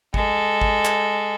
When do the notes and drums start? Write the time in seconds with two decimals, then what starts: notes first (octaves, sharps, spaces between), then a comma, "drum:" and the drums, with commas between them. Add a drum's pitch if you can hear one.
0.14 G#3 A4, drum: kick G#1
0.61 drum: kick G#1
0.85 drum: clap